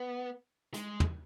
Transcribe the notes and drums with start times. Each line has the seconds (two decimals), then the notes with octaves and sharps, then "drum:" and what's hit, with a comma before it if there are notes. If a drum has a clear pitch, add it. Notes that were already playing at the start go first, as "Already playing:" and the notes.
Already playing: B3
0.74 G#3, drum: hi-hat
1.00 drum: tom